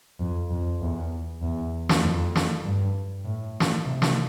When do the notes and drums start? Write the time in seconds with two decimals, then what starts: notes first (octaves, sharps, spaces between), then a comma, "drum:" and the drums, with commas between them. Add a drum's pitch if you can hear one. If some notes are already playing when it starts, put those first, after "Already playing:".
0.20 F2
0.51 F2
0.81 E2
1.42 E2
1.89 drum: snare
2.03 F2
2.36 drum: snare
2.64 G2
3.25 A2
3.60 drum: snare
3.86 C3
4.02 drum: snare